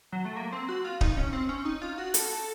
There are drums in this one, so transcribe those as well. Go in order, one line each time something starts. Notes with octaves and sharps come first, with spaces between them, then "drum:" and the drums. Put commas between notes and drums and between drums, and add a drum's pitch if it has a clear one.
F#3
A3
A#3
C4
F#4
F4
D#4, drum: kick D1
C#4
C4
C#4
D#4
F4
F#4
A4, drum: hi-hat